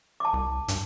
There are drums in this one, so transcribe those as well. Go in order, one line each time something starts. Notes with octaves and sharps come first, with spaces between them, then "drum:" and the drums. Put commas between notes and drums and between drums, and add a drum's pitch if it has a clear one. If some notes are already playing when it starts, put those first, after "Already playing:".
A5 D6
C2
G2, drum: hi-hat